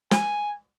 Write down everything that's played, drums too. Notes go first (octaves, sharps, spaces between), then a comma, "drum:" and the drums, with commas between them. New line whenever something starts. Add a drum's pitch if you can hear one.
G#5, drum: snare